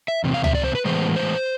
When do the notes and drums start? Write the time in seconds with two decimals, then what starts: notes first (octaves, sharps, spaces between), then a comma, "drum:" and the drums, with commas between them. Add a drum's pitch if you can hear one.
0.08 E5
0.24 E2 C3
0.34 F5
0.44 E5, drum: tom C#2
0.55 D5
0.64 C5
0.75 B4
0.85 A2 E3 G#3 B3 C5
1.16 C5